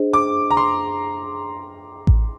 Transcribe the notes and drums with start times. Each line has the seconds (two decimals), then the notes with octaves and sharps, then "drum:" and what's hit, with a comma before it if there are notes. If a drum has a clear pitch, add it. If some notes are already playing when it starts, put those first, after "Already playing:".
Already playing: D4 G#4 C5 D#5
0.13 D6
0.51 A#5
0.57 C6
2.07 drum: kick A1